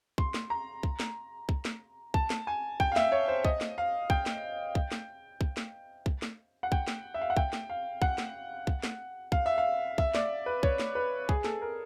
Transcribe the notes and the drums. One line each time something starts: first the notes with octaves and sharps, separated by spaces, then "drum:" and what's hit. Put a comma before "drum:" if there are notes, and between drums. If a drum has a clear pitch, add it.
C6, drum: kick
drum: snare
A#5
drum: kick
drum: snare
drum: kick
drum: snare
A5, drum: kick
drum: snare
G#5
G5, drum: kick
F5
E5, drum: snare
C#5
C5
D#5, drum: kick
drum: snare
F5
G5, drum: kick
drum: snare
drum: kick
drum: snare
drum: kick
drum: snare
drum: kick
drum: snare
F#5
G5, drum: kick
drum: snare
E5
F5
F#5
G5, drum: kick
drum: snare
F5
F#5, drum: kick
drum: snare
drum: kick
drum: snare
F5, drum: kick
E5
F5
E5, drum: kick
D5, drum: snare
B4
C#5, drum: kick
drum: snare
B4
G#4, drum: kick
A4, drum: snare
A#4